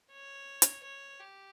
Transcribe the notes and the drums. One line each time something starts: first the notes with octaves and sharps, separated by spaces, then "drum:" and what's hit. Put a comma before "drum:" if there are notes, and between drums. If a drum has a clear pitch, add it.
C#5
drum: hi-hat
C#5
G4